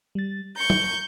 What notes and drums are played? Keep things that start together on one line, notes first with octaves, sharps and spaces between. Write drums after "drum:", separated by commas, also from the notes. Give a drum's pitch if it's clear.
G3 A6
A#5 C#6 G6
drum: tom